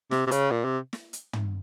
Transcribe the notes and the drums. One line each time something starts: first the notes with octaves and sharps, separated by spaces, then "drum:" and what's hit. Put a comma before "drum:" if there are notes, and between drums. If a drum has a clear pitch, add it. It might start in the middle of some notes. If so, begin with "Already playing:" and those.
C3, drum: snare
C3
C#3, drum: hi-hat
A#2
C3
drum: snare
drum: hi-hat
drum: tom